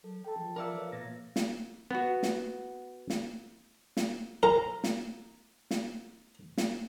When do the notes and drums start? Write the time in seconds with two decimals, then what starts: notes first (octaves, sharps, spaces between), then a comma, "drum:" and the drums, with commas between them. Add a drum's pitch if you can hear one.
0.04 F#3 A4
0.25 A4 G5 A5
0.38 F3
0.56 F4 A#4 D5 E5 F5 C#7
0.76 A4 B4 C#5 F5
0.92 A#2 F3 A#6
1.36 drum: snare
1.91 B3 F#4
2.23 drum: snare
3.10 drum: snare
3.97 drum: snare
4.43 A#4 A#5
4.84 drum: snare
5.71 drum: snare
6.58 drum: snare